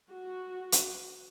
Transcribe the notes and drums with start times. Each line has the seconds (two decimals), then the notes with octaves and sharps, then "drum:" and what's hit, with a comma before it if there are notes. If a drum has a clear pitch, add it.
0.11 F#4
0.72 drum: hi-hat